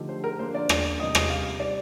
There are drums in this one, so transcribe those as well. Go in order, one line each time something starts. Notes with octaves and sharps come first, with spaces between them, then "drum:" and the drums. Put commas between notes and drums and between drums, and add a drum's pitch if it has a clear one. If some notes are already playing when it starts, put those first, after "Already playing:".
Already playing: D3 F3 A3 D#4 G4
C5
A#4
F3 A#3 D4 F4 C5
D5
drum: rim click
C3 G3 C4 D#4 D#5
drum: rim click
F5
G3 C4 D#4 G4 D5